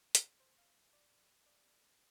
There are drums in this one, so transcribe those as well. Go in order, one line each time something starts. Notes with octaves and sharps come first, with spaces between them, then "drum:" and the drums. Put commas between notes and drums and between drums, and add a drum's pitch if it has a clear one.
drum: hi-hat
C5
F5
D5
D5